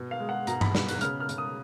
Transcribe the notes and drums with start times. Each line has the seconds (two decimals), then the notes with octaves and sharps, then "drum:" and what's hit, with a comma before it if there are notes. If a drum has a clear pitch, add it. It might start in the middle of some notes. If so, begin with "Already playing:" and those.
Already playing: B2
0.11 F5
0.20 G#3
0.29 F#5
0.47 B2 A#5, drum: hi-hat
0.61 B5, drum: tom G2
0.75 B2, drum: snare
0.88 F#6, drum: hi-hat
1.01 C#3 F6, drum: hi-hat
1.20 F6
1.29 C#3, drum: hi-hat
1.38 D#6